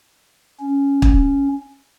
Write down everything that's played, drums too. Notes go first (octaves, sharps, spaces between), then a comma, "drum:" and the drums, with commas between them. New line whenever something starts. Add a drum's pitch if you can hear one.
C#4
drum: kick